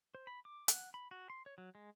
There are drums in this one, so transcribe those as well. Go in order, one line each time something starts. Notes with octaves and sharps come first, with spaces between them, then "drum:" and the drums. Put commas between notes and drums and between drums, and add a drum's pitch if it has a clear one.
C5
B5
D6
F#5, drum: hi-hat
B5
F#4
C6
C#5
F#3
G#3